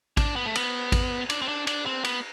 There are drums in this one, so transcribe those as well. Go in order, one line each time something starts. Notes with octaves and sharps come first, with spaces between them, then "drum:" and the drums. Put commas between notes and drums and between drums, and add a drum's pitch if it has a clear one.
D4, drum: kick A1, cymbal
B3
A3
B3, drum: cymbal
drum: kick A1, cymbal
D4, drum: cymbal
C4
D4
D4, drum: cymbal
C4
B3, drum: cymbal